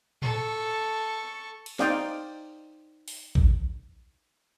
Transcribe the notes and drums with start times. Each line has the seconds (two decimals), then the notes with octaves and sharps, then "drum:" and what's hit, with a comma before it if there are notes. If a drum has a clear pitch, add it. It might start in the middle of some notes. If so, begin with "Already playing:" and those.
0.22 A4 C#6, drum: tom A2
1.66 drum: cymbal
1.79 D#4 C5 D5 F5 G5 D#6, drum: snare
3.08 drum: open hi-hat
3.35 drum: kick